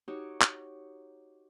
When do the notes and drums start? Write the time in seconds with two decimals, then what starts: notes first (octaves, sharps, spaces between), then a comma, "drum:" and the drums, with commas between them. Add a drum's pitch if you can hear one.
0.08 D#4 F#4 G4 C#5
0.41 drum: clap